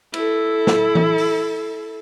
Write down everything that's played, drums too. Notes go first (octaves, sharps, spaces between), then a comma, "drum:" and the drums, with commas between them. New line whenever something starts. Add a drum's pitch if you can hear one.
E4 A4, drum: cymbal
drum: snare
drum: tom E3
drum: open hi-hat